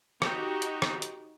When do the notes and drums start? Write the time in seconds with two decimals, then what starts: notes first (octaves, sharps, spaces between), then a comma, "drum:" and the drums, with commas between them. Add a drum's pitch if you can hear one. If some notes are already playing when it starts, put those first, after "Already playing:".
0.22 D#4 F#4 G4, drum: rim click
0.62 drum: hi-hat
0.82 drum: rim click
1.02 drum: hi-hat